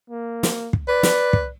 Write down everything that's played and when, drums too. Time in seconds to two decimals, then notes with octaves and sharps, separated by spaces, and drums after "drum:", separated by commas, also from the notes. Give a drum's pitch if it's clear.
0.10 A#3
0.43 drum: snare
0.73 drum: kick
0.88 B4 D5
1.03 drum: snare
1.33 drum: kick